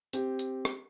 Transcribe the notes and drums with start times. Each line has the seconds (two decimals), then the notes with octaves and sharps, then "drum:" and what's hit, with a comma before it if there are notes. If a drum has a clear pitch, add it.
0.13 C4 G4, drum: hi-hat
0.39 drum: hi-hat
0.65 drum: rim click